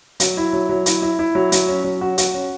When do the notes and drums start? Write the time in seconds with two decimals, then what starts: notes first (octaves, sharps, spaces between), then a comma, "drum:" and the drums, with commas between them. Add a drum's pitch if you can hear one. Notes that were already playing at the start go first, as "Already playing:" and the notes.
0.20 F#3, drum: hi-hat
0.37 E4
0.53 F#3
0.69 F#3
0.86 E4, drum: hi-hat
1.02 E4
1.19 E4
1.35 F#3
1.52 F#3, drum: hi-hat
1.68 C#4
1.84 F#3
2.01 F#4
2.18 F#4, drum: hi-hat
2.34 C#4